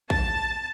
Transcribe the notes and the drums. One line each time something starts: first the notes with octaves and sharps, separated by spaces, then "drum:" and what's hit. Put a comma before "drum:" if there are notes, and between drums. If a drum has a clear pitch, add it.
A5, drum: kick A#1